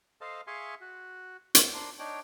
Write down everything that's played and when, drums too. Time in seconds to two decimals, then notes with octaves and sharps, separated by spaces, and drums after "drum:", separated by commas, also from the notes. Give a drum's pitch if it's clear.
0.21 A4 C5 D#5 F5 A5
0.47 G#4 E5 F5 G#5 C6 C#6
0.81 F#4
1.55 drum: hi-hat
1.73 D4 A#4 C5
1.99 D4 D#4 C#5 G5